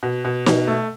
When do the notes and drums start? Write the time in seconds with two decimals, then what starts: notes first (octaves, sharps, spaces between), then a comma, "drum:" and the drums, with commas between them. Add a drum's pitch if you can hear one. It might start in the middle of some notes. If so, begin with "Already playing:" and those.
0.03 B2
0.25 B2
0.46 B2, drum: snare
0.67 A3